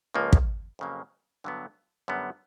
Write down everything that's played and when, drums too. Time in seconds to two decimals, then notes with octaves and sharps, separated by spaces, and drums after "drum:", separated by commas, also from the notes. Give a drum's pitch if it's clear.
0.14 C#2 C#3 F3 A#3
0.33 drum: kick
0.79 F2 C#3 F#3 A#3
1.44 G2 D3 F#3 B3
2.08 F#2 D3 G3 B3